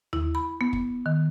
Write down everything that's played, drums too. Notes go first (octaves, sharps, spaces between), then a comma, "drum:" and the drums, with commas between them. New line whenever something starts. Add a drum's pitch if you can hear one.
E4, drum: tom D#2
B5
B3
drum: kick
D#3